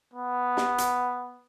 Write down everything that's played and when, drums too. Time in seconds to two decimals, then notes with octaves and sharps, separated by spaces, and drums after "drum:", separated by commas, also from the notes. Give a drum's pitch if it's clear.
0.14 B3
0.57 drum: snare
0.78 drum: hi-hat